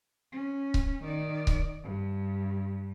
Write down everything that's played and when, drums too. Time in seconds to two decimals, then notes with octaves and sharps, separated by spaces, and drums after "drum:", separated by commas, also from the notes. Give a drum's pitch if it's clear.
0.32 C#4
0.74 drum: kick C#1
1.04 D#3 D5
1.47 drum: kick C#1
1.83 G2